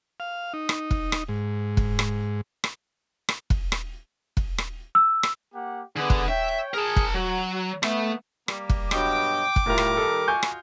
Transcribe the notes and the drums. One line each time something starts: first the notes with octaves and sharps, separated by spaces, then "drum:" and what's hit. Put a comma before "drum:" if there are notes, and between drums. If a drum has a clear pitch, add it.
F5
D#4
drum: rim click
drum: kick F1
drum: rim click
G#2
drum: kick F1
drum: rim click
drum: rim click
drum: rim click
drum: kick F1
drum: rim click
drum: kick F1
drum: rim click
E6
drum: rim click
A#3 G4 F#5
D3 B3 G#4 B4
drum: kick F1
C#5 E5 G5
G#4 A#4 A5
drum: kick F1
F#3 F#4
A3 B3, drum: rim click
G3 A#3, drum: rim click
drum: kick F1
G2 B2 F#3 G5 D6, drum: rim click
drum: kick F1
A2 G3 F4 A#4
drum: rim click
D#3 D#4 A4
F4 F#4 D#5 G#5 C#6 G6
drum: rim click